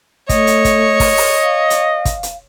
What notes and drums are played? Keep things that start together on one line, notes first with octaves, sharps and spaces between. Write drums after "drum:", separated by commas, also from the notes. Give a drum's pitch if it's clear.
A3 C#5 D#5, drum: kick, hi-hat
drum: hi-hat
drum: kick, hi-hat
drum: kick, open hi-hat
drum: open hi-hat
F5
drum: hi-hat
drum: kick, hi-hat
drum: hi-hat